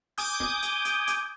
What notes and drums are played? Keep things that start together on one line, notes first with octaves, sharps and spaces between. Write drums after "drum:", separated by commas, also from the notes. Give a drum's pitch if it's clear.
G#5 D6 D#6 G6, drum: hi-hat
drum: snare
drum: hi-hat
drum: hi-hat
drum: hi-hat